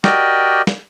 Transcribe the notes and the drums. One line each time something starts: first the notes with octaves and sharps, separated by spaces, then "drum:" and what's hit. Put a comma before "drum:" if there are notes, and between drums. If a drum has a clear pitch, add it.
F#4 G4 A#4 D5 D#5 G5, drum: snare
drum: snare